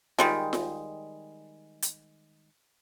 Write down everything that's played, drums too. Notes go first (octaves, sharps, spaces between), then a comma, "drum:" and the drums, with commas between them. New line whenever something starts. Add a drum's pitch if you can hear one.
D#3 G3 G#3, drum: snare F4
drum: snare F4
drum: hi-hat